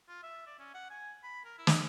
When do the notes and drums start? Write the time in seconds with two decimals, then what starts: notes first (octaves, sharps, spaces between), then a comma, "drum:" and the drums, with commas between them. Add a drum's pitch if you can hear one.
0.09 F4
0.23 E5
0.47 D5
0.59 C#4
0.75 F#5
0.90 G#5
1.23 B5
1.45 A#4
1.58 E4
1.67 drum: snare